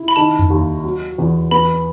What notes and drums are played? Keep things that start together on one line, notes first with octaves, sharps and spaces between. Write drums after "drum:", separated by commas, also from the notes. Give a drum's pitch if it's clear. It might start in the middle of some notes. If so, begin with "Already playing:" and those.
Already playing: E4
B5
D#3 A5
drum: tom F2
D#2
F#3
E2
B3 B5